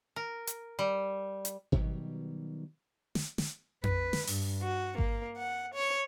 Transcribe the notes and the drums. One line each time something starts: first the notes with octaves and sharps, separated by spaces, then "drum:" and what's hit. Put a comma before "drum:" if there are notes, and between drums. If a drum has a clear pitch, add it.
A#4
drum: hi-hat
G3
drum: hi-hat
B2 D#3 F#3 G3, drum: kick G#1
drum: snare
drum: snare
B4, drum: tom F2
drum: snare
G2, drum: open hi-hat
F#4
A#3, drum: kick G#1
F#5
C#5